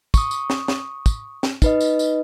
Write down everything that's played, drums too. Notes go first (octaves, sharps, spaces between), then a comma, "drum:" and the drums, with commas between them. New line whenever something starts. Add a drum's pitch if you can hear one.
C#6 D#6, drum: kick, tambourine
drum: tambourine
drum: snare
drum: snare
drum: kick, tambourine
drum: snare
D#4 B4 D#5, drum: kick, tambourine
drum: tambourine
drum: tambourine